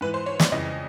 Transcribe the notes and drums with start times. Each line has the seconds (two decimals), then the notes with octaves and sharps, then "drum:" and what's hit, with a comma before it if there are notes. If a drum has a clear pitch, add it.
0.01 G#2 E3 B4
0.14 C5
0.26 C#5
0.40 D5, drum: snare
0.52 F2 C#3 E3 D#5